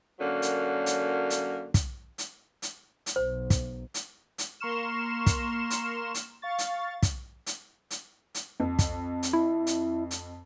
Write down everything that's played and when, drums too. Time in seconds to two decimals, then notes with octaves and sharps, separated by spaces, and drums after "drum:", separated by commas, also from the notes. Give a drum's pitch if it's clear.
0.20 F#2 D3 F#3 A#3
0.42 drum: hi-hat
0.86 drum: hi-hat
1.30 drum: hi-hat
1.74 drum: kick, hi-hat
2.18 drum: hi-hat
2.62 drum: hi-hat
3.06 drum: hi-hat
3.16 B1 C5
3.50 drum: kick, hi-hat
3.94 drum: hi-hat
4.38 drum: hi-hat
4.60 A#3 A#5 C6 C#6 F6 E7
5.26 drum: kick, hi-hat
5.70 drum: hi-hat
6.14 drum: hi-hat
6.42 F5 C#6 A6
6.59 drum: hi-hat
7.03 drum: kick, hi-hat
7.47 drum: hi-hat
7.91 drum: hi-hat
8.35 drum: hi-hat
8.60 F2
8.79 drum: kick, hi-hat
9.23 drum: hi-hat
9.33 E4
9.67 drum: hi-hat
10.11 drum: hi-hat